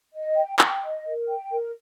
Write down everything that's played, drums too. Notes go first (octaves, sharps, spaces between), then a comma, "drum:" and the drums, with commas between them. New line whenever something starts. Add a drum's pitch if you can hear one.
D#5
G5
G5, drum: clap
D#5
A#4
G5
A#4